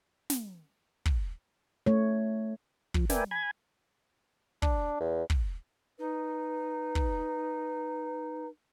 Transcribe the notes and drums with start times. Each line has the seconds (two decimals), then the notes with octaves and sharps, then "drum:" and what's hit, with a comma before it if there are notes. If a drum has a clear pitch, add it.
0.30 drum: snare
1.06 drum: kick
1.86 A3 C#5
2.94 F3, drum: kick
3.10 A#4 B4 D5 E5 G5 G#5, drum: snare
3.31 G#5 B5 G#6
4.62 D4, drum: kick
5.00 E2
5.30 drum: kick
5.99 D#4 B4
6.95 drum: kick